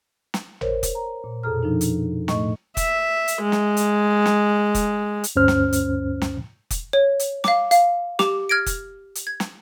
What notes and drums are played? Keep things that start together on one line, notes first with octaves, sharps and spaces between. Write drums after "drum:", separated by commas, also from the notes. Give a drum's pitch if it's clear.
drum: snare
A#4 C5 C#5, drum: tom
drum: kick, hi-hat
A#5
A#2
F2 B2 G#4 A4 A#5 F6
F3 D4 D#4
drum: hi-hat
A2 A3 D#5 C#6, drum: snare
E5, drum: kick, hi-hat
drum: hi-hat
G#3
drum: snare
drum: hi-hat
drum: snare
drum: kick, hi-hat
drum: hi-hat
D2 G2 C#4 C5 F6
drum: snare
drum: hi-hat
drum: snare
drum: kick, hi-hat
C#5
drum: hi-hat
F5 D6, drum: snare
F5, drum: hi-hat
G4 D6 F7, drum: snare
F6 G#6 A#6 D7
drum: kick, hi-hat
drum: hi-hat
G#6
drum: snare